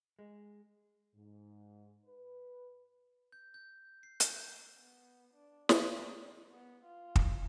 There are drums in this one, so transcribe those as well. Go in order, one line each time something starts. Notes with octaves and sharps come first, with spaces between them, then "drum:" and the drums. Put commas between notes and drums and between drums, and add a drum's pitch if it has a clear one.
G#3
G#2
B4
G6
G6
C7
G6, drum: hi-hat
B3
D4
G3, drum: snare
D#4
B3
F4
drum: kick